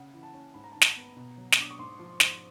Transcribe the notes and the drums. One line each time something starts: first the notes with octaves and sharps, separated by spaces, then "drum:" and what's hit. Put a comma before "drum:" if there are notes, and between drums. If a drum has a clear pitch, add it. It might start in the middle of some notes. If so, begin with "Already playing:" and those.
Already playing: C#3 F#5
E3
A5
C#4
G#2 B5
A#5
D#3 A5
A#5, drum: snare
B3
B2
F#3
D#6, drum: snare
D4 D6
C#6
G#2 C6
F3
G#2, drum: snare